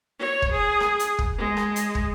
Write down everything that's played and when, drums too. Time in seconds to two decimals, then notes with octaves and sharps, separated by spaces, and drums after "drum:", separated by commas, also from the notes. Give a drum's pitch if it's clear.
0.19 C#5
0.42 drum: kick
0.52 G#4
0.80 drum: rim click
0.99 drum: hi-hat
1.19 drum: kick
1.38 G#3
1.57 drum: rim click
1.76 drum: hi-hat
1.95 drum: kick